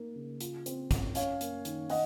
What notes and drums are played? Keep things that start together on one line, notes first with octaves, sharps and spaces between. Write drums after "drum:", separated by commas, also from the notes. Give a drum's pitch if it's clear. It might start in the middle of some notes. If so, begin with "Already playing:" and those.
Already playing: A#3 D#4
C#3
F4, drum: hi-hat
C4, drum: hi-hat
F#2, drum: kick, hi-hat
C#4 C#5 F5, drum: hi-hat
A#3, drum: hi-hat
D#3, drum: hi-hat
D#3 D#5 F#5, drum: open hi-hat